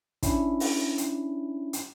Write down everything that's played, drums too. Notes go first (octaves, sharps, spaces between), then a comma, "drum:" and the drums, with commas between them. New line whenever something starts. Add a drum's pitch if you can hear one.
C#4 D4 E4, drum: kick, hi-hat
drum: open hi-hat
drum: hi-hat
drum: hi-hat